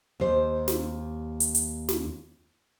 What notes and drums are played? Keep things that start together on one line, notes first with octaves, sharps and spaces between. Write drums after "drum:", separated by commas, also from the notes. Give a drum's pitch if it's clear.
D#2 C5
drum: snare
drum: hi-hat
drum: hi-hat
drum: snare